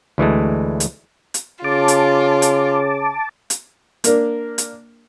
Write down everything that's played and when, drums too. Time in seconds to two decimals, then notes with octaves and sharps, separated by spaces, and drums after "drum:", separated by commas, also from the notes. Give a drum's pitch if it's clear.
0.18 D2 E3 G#3 A3
0.80 drum: hi-hat
1.34 drum: hi-hat
1.65 C#3 F4 A5 D6
1.88 drum: hi-hat
2.42 drum: hi-hat
3.50 drum: hi-hat
4.04 A#3 D4 A#4, drum: hi-hat
4.58 drum: hi-hat